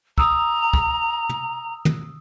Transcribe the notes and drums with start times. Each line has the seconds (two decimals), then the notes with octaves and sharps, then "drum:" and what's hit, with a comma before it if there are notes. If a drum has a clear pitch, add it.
0.18 A#5 D#6 E6, drum: kick
0.74 drum: kick
1.29 drum: tom
1.85 drum: tom